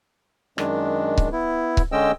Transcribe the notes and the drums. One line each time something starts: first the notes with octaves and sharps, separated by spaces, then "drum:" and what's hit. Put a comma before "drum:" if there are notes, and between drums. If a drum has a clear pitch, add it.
F#2 D#3 G#3 D4, drum: rim click
drum: kick C#1
B3 E4
drum: kick C#1
D3 G#3 C#4 D#5 G5 E6